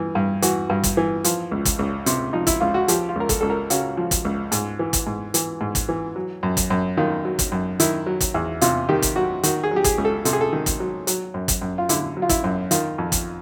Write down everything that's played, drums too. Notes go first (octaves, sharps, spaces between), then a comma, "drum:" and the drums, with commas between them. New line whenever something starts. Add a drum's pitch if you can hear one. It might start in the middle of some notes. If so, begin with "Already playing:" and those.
Already playing: G2 E3
G2
E3 F#4, drum: hi-hat
G2
drum: kick, hi-hat
E3
F3, drum: hi-hat
C#2
drum: kick, hi-hat
C#2
C3, drum: hi-hat
F3 D#4
E4, drum: kick, hi-hat
C#2 F4
F#4
F3 G4, drum: hi-hat
F4
C#2 A#4
A4, drum: kick, hi-hat
C#2 A4
A#4
C#3 F#4, drum: hi-hat
F3
drum: kick, hi-hat
C#2
G#2, drum: hi-hat
E3
drum: kick, hi-hat
G#2
E3, drum: hi-hat
G#2
drum: kick, hi-hat
E3
F#3
F#2
drum: kick, hi-hat
F#2
D#3 F4
F#3
drum: kick, hi-hat
F#2
D#3 E4, drum: hi-hat
F#3
drum: kick, hi-hat
E2
C3 F4, drum: hi-hat
D#3 G4
drum: kick, hi-hat
F#3 F#4
D#3 F#4, drum: hi-hat
G#4
F#3
G4
G#4, drum: kick, hi-hat
C#2
A4
C3 A4, drum: hi-hat
G#4
A4
D#3
drum: kick, hi-hat
F#3
F#3, drum: hi-hat
F#2
drum: kick, hi-hat
F#2
F4
D3 E4, drum: hi-hat
F#3
F4
E4, drum: kick, hi-hat
F#2
D#3 F4, drum: hi-hat
F2
drum: kick, hi-hat